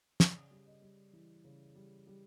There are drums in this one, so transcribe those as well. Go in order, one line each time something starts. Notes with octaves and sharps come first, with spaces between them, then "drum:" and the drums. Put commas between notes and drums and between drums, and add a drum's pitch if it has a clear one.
C#3 D5, drum: snare
G3
D#5
G3
E3
C#3
G3
G3